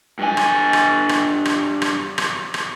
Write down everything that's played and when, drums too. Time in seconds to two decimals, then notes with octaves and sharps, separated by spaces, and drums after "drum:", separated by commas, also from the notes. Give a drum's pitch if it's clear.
0.19 G2 G#5
0.37 drum: rim click
0.73 drum: rim click
1.09 drum: rim click
1.45 drum: rim click
1.82 drum: rim click
2.18 drum: rim click
2.54 drum: rim click